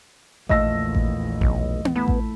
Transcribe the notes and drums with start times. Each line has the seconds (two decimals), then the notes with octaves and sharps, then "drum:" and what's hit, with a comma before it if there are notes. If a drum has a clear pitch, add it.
0.49 A#1 E2 A#2 A3 D#5 F5 E6 A#6, drum: kick A1
0.95 drum: kick A1
1.41 B1, drum: kick A1
1.85 drum: tom B3
1.96 A3 B3 E4
2.08 drum: kick A1